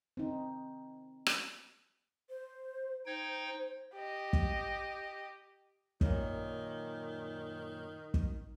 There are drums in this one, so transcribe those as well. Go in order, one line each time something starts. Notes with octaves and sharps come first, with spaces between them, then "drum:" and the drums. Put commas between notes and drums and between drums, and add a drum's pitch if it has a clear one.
C4 D#4
drum: rim click
C5
D#4 C5 G5 G#6
G4 D#5
drum: kick
F#2 A#2 D#3, drum: kick
drum: kick